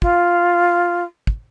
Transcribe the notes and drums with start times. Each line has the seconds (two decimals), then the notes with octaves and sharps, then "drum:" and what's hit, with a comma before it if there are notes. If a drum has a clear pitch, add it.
0.02 F4, drum: kick
1.27 drum: kick